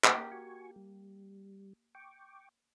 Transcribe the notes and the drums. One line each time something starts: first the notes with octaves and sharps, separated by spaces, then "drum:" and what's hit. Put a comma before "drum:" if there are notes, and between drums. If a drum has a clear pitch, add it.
A#3 G4, drum: clap
F#4 G#5 C#6
G3
G5 C#6 D6